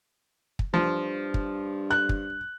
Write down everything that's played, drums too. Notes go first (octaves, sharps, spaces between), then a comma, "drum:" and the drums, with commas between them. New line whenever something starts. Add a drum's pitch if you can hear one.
drum: kick
G2 F3
drum: kick
F#6
drum: kick